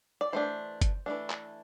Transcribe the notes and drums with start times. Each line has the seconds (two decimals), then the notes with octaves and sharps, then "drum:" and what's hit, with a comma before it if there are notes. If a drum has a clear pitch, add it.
0.21 D5
0.33 E3 A3 D4 C5
0.81 drum: kick F#1, hi-hat
1.06 E3 A3 D4
1.30 drum: clap